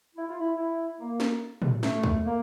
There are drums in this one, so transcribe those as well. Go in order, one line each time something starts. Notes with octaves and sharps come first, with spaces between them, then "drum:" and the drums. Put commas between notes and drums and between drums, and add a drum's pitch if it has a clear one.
E4
F4
E4
E4
A#3
drum: snare
drum: tom
A3, drum: snare
drum: kick C#2
A#3